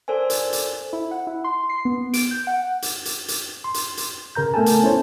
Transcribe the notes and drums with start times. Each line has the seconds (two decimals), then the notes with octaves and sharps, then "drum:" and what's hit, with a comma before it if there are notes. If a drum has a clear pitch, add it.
0.08 A4 A#4 C5 D5 G#5
0.30 drum: hi-hat
0.53 drum: hi-hat
0.93 E4
1.11 F#5
1.27 E4
1.44 C6
1.69 C7
1.85 B3
2.13 D7, drum: hi-hat
2.31 G6
2.47 F#5
2.82 drum: hi-hat
3.05 drum: hi-hat
3.28 drum: hi-hat
3.64 C6
3.74 drum: hi-hat
3.97 drum: hi-hat
4.35 C#3 A#4 A#5 G6
4.54 A3 B3 A4 A#4 G#5 A5
4.66 drum: hi-hat
4.83 C#4 E4 C5 C#5